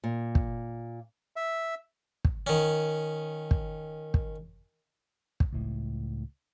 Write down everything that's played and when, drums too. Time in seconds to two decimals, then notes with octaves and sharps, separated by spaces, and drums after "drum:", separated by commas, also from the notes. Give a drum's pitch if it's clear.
0.04 A#2
0.35 drum: kick
1.36 E5
2.25 drum: kick
2.47 D#3 C#4
3.51 drum: kick
4.14 drum: kick
5.40 drum: kick
5.53 C#2 A2